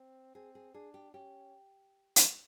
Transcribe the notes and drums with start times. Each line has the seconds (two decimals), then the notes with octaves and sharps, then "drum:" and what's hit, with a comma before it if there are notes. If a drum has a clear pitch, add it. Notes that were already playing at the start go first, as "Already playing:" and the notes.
Already playing: C4
0.35 C4 G#4
0.55 G#4
0.74 D4 G#4
0.94 G4
1.14 C#4 G4
2.16 drum: hi-hat